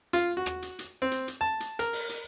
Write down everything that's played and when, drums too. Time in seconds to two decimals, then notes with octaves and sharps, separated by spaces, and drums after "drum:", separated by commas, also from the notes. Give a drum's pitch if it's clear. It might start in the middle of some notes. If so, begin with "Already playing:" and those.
0.13 F4, drum: hi-hat
0.37 F#4
0.46 drum: rim click
0.62 drum: hi-hat
0.79 drum: hi-hat
1.02 C4
1.11 drum: hi-hat
1.28 drum: hi-hat
1.41 A5
1.60 drum: hi-hat
1.79 A#4, drum: hi-hat
1.93 drum: open hi-hat
2.09 drum: hi-hat